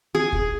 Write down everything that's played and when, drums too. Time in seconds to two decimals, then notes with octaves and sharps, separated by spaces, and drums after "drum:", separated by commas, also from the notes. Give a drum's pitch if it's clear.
0.15 G#4
0.32 drum: kick